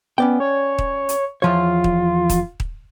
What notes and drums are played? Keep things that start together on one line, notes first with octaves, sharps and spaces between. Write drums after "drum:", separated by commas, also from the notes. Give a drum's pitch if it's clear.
B3 C#4 D5 G5
C#5
drum: kick D#1
drum: hi-hat
E2 F3 F4 C#5
drum: kick D#1
drum: kick D#1, hi-hat
drum: kick D#1